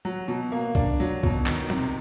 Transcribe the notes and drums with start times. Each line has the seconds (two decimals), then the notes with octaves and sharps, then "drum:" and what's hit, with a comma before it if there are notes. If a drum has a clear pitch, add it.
0.05 F#3
0.28 B2
0.52 A#3
0.75 D4, drum: kick B1
1.00 F#3
1.23 B2, drum: kick B1
1.46 D#3, drum: clap
1.70 C3, drum: tom